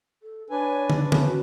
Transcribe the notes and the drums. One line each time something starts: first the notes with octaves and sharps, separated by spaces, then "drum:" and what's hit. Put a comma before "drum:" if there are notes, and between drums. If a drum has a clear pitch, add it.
A4
D4 B4 C#5 G#5
drum: tom
C#4 B4
drum: tom D3
F#4